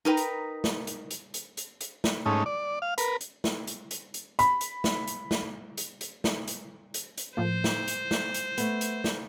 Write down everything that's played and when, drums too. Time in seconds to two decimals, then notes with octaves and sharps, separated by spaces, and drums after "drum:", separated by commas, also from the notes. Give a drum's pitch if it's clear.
0.05 D#4 A#4 B4 G5
0.17 drum: hi-hat
0.64 drum: snare
0.87 drum: hi-hat
1.11 drum: hi-hat
1.34 drum: hi-hat
1.57 drum: hi-hat
1.81 drum: hi-hat
2.04 drum: snare
2.26 G#2 A3 C#4 D#4
2.46 D5
2.82 F5
2.98 A#4 B4, drum: hi-hat
3.21 drum: hi-hat
3.44 drum: snare
3.67 drum: hi-hat
3.91 drum: hi-hat
4.14 drum: hi-hat
4.39 B5, drum: hi-hat
4.61 drum: hi-hat
4.84 drum: snare
5.07 drum: hi-hat
5.31 drum: snare
5.77 drum: hi-hat
6.01 drum: hi-hat
6.24 drum: snare
6.47 drum: hi-hat
6.94 drum: hi-hat
7.18 drum: hi-hat
7.37 A2 F3 A#3 C5
7.64 drum: snare
7.88 drum: hi-hat
8.11 drum: snare
8.34 drum: hi-hat
8.58 A3 B3, drum: hi-hat
8.81 drum: hi-hat
9.04 drum: snare